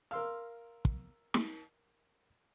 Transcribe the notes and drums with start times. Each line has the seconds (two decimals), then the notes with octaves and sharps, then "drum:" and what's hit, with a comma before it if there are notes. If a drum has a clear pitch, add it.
0.11 A#4 F5 C6 E6
0.85 drum: kick
1.34 drum: snare